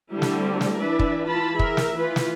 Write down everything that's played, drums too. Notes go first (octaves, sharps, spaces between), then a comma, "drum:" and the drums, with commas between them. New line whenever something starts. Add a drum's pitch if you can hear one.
D3 G3 A3 C4 E4
drum: snare
drum: snare
E3 D4 B4 D5 E5
drum: kick
E3 F4 A5 B5
G#4 A#4 E5, drum: kick
drum: snare
E3 F4 B4
drum: snare